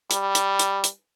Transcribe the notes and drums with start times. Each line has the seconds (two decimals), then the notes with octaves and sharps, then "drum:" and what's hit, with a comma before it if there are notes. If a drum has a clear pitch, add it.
0.11 G3, drum: hi-hat
0.35 drum: hi-hat
0.59 drum: hi-hat
0.84 drum: hi-hat